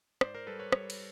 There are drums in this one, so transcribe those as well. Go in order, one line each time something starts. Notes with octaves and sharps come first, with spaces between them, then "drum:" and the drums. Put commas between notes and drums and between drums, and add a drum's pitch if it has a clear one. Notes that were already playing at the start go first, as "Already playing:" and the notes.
G#2 C5 D5, drum: rim click
A#4 C5
G3 A4 B4
B4 C#5
G3 B4 C#5, drum: rim click
drum: cymbal